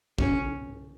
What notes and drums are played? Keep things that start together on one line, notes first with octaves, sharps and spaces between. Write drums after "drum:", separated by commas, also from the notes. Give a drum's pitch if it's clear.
C#4, drum: kick